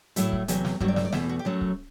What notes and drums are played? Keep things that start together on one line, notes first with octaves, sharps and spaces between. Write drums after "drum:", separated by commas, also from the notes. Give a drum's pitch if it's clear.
A2 F#3 A3 E4, drum: hi-hat
drum: kick
E2 C3 F#3 A3, drum: hi-hat
drum: snare
G2 F#3 A3 F#4, drum: kick
D5
E5, drum: snare
D5
E2 B2 A3 E5, drum: snare
F#4
G4
F#2 F#3 A3 F#4
drum: kick